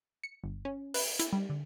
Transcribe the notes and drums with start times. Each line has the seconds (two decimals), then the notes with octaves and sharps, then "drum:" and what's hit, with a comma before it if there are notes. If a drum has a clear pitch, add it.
0.24 C#7
0.43 G1
0.65 C#4
0.94 B4, drum: open hi-hat
1.20 E4, drum: hi-hat
1.33 G3
1.50 D3